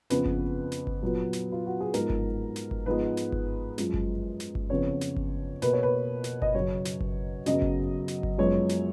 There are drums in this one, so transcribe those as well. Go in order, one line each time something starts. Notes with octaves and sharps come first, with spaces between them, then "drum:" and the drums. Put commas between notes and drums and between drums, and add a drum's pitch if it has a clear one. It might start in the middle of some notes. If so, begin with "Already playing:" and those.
F2 C#3 F3 B3 B4, drum: snare
drum: kick G1
drum: snare
drum: kick G1
A#2 F#3 B3
drum: snare
F4
F#4
G#4
G#2 F3 B3 A#4, drum: snare
drum: kick G1
drum: snare
drum: kick G1
G#2 F3 G#3 B3 B4
drum: snare
drum: kick G1
F#2 F3 G#3, drum: snare
drum: kick G1
drum: snare
drum: kick G1
F2 C#3 F3 B3 C#5
drum: snare
drum: kick G1
B2 A#3 B4, drum: snare
C#5
B4
drum: snare
D#5, drum: kick G1
F#2 C#3 F#3 C#5
drum: snare
drum: kick G1
F#2 C#3 F#3 B3 D#5, drum: snare
drum: kick G1
drum: snare
drum: kick G1
F#2 F3 G#3 B3 C#5
drum: snare